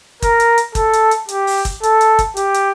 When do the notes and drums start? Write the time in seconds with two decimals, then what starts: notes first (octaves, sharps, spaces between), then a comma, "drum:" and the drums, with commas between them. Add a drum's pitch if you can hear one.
0.22 A#4, drum: kick, hi-hat
0.40 drum: hi-hat
0.58 drum: hi-hat
0.75 A4, drum: kick, hi-hat
0.93 drum: hi-hat
1.11 drum: hi-hat
1.29 G4, drum: hi-hat
1.47 drum: open hi-hat
1.65 drum: kick, hi-hat
1.83 A4, drum: hi-hat
2.01 drum: hi-hat
2.19 drum: kick, hi-hat
2.37 G4, drum: hi-hat
2.54 drum: hi-hat